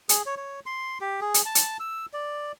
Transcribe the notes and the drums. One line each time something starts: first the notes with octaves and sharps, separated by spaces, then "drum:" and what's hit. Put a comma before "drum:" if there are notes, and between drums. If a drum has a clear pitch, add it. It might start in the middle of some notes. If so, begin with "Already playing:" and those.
G#4, drum: hi-hat
C#5
C#5
C6
G4
G#4
drum: hi-hat
A5
drum: hi-hat
E6
D5